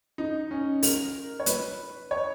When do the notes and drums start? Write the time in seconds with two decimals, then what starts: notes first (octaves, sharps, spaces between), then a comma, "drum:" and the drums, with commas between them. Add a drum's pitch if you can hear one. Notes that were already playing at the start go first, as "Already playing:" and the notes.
0.18 D#4
0.51 C#4
0.83 A#4, drum: open hi-hat
1.40 C#5
1.46 B4, drum: hi-hat
2.11 C#5